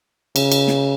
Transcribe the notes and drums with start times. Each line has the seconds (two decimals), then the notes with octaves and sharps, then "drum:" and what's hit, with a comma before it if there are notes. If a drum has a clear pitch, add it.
0.36 C#3, drum: cymbal
0.52 drum: cymbal
0.67 drum: snare